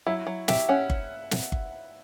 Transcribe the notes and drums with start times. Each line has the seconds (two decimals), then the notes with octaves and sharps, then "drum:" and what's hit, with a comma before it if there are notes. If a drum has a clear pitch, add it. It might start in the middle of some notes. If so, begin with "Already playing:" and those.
0.06 F#3 E4
0.27 F#3
0.48 G4 E5, drum: snare
0.69 C#4 F#5
0.90 drum: kick G1
1.31 drum: snare
1.52 drum: kick G1